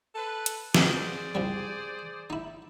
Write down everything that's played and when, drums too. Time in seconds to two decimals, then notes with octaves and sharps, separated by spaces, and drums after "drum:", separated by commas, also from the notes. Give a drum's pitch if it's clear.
0.15 A4 B4
0.46 drum: hi-hat
0.75 G#4 C5 D5, drum: snare
1.35 C2 F3 G3
2.30 D#4 E4